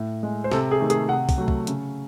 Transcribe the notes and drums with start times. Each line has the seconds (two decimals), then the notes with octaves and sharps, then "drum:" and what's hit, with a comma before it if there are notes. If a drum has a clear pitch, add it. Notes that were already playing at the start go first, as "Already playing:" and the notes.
Already playing: A2
0.23 G#3
0.44 C5
0.52 C3 A4, drum: snare
0.71 G#4
0.80 D#3 A3
0.90 G#4, drum: hi-hat
1.09 C3 F#5
1.29 drum: kick, open hi-hat
1.38 F#3 A3
1.48 drum: kick
1.67 C#3, drum: hi-hat